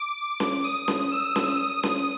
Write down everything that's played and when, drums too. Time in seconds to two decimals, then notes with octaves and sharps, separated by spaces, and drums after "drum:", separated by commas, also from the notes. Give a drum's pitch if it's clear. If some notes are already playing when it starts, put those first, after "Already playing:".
Already playing: D6
0.40 drum: snare C#4
0.64 D#6
0.88 drum: snare C#4
1.11 E6
1.36 drum: snare C#4
1.60 D#6
1.83 drum: snare C#4